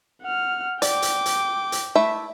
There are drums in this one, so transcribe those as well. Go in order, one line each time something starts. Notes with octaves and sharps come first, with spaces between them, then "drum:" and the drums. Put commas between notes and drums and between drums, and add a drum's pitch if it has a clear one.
F#5 F6
D5 G5 D6, drum: hi-hat
drum: hi-hat
drum: hi-hat
drum: hi-hat
A3 E4 E5